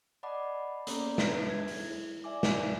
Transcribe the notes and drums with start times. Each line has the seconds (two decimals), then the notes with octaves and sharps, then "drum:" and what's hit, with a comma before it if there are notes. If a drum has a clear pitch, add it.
0.23 D5 D#5 F#5 A5 B5 D6
0.87 A#3 B3 C#4 D5 A#5, drum: hi-hat
1.18 B3 D4 B4 E5, drum: snare
1.50 G#6
1.68 drum: open hi-hat
1.80 E4
2.24 D5 E5 G#5 D6
2.43 drum: snare